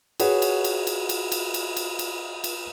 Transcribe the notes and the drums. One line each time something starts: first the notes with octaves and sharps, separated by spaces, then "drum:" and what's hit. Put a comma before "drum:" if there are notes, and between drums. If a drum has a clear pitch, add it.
F#4 G#4 B4 C#5 F#5, drum: cymbal
drum: cymbal
drum: cymbal
drum: cymbal
drum: cymbal
drum: cymbal
drum: cymbal
drum: cymbal
drum: cymbal
drum: cymbal